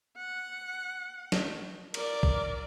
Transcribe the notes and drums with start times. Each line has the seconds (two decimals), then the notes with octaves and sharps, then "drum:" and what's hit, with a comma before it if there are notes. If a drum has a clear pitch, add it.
0.17 F#5
1.32 drum: snare
1.94 A#4 D5, drum: cymbal
2.23 drum: kick A#1